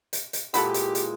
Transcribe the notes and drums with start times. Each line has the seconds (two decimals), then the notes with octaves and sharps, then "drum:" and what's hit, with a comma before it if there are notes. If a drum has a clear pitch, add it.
0.13 drum: hi-hat
0.33 drum: hi-hat
0.54 A#2 E3 G#3 G4 A4 F#5 B5, drum: hi-hat
0.74 drum: hi-hat
0.95 drum: hi-hat